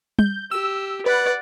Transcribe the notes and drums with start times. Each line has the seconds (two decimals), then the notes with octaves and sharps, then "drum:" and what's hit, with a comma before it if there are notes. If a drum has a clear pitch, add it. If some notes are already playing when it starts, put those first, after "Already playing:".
0.19 G6, drum: tom G3
0.51 G4 E6
1.06 B4 D5 F#5